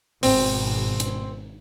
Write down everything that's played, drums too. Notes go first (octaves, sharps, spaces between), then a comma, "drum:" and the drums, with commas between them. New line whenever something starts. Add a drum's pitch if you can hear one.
G#1 G#2 B2 C4, drum: open hi-hat
drum: hi-hat